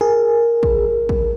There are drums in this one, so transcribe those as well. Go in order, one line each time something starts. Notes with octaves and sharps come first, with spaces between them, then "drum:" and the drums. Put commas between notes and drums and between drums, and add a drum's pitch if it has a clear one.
G#4 A#4
drum: kick
drum: kick